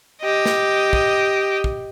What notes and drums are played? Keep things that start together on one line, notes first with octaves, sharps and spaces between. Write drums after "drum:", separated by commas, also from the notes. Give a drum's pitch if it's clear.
G4 D#5
drum: snare
drum: kick
drum: kick